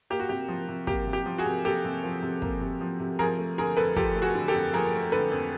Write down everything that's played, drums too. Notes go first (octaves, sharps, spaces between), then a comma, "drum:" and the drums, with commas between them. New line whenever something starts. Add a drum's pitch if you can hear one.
A#3 G4
F#4
C3 G4
F3
C3
A#3 G4, drum: kick
C3
G4
F3
F#4 G#4
C3
A#3 G4 A4
C3
F3
C3
A#3, drum: kick
C3
F3
C3
F3 G#4 A#4
A3
D3 G#4 A#4
F2 A4 B4
F3 G4 A4, drum: kick
A3
F#4 G#4
D3
G4 A4
F2
F3 G#4 A#4
A3
D3 A4 B4
F2